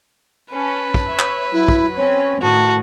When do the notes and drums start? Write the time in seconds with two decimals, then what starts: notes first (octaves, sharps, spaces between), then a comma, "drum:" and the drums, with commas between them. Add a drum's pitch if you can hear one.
0.53 C#4 B4 A5
0.94 drum: kick
1.06 C#5 E5
1.19 drum: clap
1.53 F#3 E4
1.68 drum: kick
1.97 C4 C#4 C#5
2.42 A2 D#3 F#4 A5